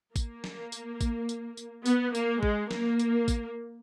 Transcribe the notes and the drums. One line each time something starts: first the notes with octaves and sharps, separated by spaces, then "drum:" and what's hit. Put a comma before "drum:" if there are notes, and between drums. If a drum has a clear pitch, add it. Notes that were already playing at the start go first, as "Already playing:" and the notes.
A#3, drum: kick A1, tambourine
drum: snare
drum: tambourine
drum: kick A1, tambourine
drum: tambourine
drum: tambourine
B3, drum: tambourine
A#3, drum: tambourine
G#3, drum: kick A1
A#3, drum: snare
drum: tambourine
drum: kick A1, tambourine